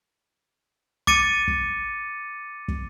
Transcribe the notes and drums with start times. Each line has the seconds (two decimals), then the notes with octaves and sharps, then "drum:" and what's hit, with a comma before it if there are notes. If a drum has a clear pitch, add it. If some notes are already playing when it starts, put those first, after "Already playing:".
1.07 D6 A6 C#7 D#7, drum: kick
1.48 drum: kick
2.68 drum: kick